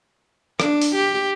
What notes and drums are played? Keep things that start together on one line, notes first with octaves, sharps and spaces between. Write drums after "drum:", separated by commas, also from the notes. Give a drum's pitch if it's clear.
D4, drum: rim click
drum: open hi-hat
G4